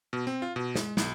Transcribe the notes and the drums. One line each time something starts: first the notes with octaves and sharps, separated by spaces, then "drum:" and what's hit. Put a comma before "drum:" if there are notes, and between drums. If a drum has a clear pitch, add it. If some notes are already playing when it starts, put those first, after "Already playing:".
B2
C4
F4
B2
G#3, drum: snare
B1, drum: snare